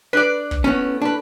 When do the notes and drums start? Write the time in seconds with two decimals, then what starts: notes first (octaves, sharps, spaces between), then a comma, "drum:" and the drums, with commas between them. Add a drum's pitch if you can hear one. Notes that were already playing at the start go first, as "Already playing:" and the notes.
0.13 D4 B4 D5
0.51 drum: kick
0.64 A2 B3 C#4
1.02 D4 B4